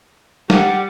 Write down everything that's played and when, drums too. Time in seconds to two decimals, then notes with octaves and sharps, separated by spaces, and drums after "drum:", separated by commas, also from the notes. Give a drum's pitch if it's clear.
0.50 G3 F#5, drum: snare